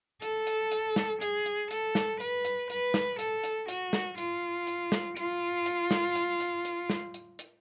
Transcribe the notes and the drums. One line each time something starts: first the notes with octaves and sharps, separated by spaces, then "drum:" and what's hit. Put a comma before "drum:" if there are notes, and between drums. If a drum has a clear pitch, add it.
A4, drum: hi-hat
drum: hi-hat
drum: hi-hat
drum: snare
G#4, drum: hi-hat
drum: hi-hat
A4, drum: hi-hat
drum: snare
B4, drum: hi-hat
drum: hi-hat
B4, drum: hi-hat
drum: snare
A4, drum: hi-hat
drum: hi-hat
F#4, drum: hi-hat
drum: snare
F4, drum: hi-hat
drum: hi-hat
drum: snare
F4, drum: hi-hat
drum: hi-hat
drum: snare
drum: hi-hat
drum: hi-hat
drum: hi-hat
drum: snare
drum: hi-hat
drum: hi-hat